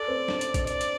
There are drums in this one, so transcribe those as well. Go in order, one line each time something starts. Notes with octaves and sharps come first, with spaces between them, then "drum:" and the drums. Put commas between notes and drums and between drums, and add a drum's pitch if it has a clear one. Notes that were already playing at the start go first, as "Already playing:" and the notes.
Already playing: A4 D5
C4
D4, drum: snare
drum: hi-hat
drum: kick, hi-hat
D5, drum: hi-hat
drum: hi-hat